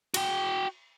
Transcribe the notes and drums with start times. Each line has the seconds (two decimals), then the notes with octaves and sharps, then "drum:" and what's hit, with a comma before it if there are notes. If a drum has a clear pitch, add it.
0.14 F#4 G5, drum: cymbal